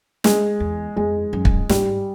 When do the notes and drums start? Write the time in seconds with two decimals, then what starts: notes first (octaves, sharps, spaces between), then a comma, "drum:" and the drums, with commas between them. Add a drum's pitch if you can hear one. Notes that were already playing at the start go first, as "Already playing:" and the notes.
0.24 G#3, drum: snare
0.60 E2
0.96 F2 G#3
1.33 F#2
1.45 drum: kick
1.69 G#2 G3, drum: snare